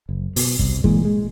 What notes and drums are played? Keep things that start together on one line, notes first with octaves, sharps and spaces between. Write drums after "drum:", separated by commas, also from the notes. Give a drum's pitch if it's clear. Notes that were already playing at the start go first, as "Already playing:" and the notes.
F#1
B2, drum: open hi-hat
C2, drum: kick
A#2 E3 G#3, drum: kick
G#3